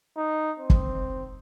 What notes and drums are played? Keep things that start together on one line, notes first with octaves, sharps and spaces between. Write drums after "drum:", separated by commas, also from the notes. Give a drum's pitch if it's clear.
D#4
C4
drum: kick